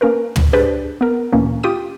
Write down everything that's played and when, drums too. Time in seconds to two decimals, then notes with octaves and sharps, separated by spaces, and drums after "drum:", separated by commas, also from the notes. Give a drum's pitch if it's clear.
0.01 A#3 C#4 A#4 B4
0.36 drum: tom
0.53 D4 G4 G#4 B4 C5 D5
1.01 B3 A#4
1.32 D2 A#2 E3 A#3 C#4
1.63 F4 G4 G5 D#6 D#7